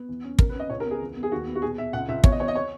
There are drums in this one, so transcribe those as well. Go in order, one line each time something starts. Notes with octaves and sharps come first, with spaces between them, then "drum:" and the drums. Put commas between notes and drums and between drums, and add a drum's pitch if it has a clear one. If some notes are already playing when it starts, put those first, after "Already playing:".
Already playing: B3
E2
C#4
E2 A#4, drum: kick
B4
C#4
D#5
C#2 C#5
A#4
B3
G#4
E2
B3
G#4
D#2 F#4
B3
F#4
B2 G#4
B2 E5
C#2 F#5
C#2 E5
E2 C#5, drum: kick
D#5
E2 C#5
D#5
C#5